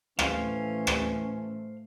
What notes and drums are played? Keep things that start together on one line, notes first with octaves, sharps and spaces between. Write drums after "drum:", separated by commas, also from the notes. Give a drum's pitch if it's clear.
A2 E3 A3 C#4 C5 F5, drum: rim click
drum: rim click